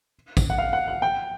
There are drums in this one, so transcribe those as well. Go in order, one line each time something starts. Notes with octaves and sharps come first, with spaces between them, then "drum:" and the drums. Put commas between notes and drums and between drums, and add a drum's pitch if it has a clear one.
drum: kick, tambourine
F#5
F5
F#5
F#5
G5